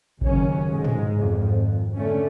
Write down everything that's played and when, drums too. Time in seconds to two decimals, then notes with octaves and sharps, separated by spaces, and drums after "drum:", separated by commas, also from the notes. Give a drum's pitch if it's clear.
0.21 F#1 D#2 C#4, drum: kick G#1
0.70 G#2 G#3
0.85 drum: tom G#2
1.16 G#1 F2
1.95 D3 A3 C#4